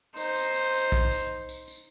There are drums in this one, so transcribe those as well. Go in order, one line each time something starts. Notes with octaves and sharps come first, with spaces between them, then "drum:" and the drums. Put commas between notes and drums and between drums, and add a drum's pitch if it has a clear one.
D#4 C5, drum: tambourine
drum: tambourine
drum: tambourine
drum: tambourine
drum: kick B1, tambourine
drum: tambourine
drum: tambourine
drum: tambourine